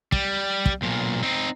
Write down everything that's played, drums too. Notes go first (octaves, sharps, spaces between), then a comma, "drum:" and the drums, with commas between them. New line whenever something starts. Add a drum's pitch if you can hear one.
G3, drum: kick
drum: kick
B1 A#2
C4 D#4